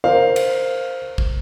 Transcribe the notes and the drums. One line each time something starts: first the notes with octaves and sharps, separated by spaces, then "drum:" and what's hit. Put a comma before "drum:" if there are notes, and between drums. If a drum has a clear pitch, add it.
A#4 C5 F5
drum: cymbal
drum: kick A1